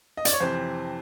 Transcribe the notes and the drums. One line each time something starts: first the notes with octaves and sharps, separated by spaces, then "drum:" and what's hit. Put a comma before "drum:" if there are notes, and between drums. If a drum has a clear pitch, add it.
D#5
D5, drum: hi-hat
C#5
F2 C3 E3 C5